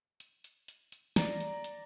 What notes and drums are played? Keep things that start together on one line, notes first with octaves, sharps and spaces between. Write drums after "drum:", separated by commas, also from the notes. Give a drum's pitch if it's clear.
drum: hi-hat
drum: hi-hat
drum: hi-hat
drum: hi-hat
D5 A#5, drum: snare
drum: hi-hat
drum: hi-hat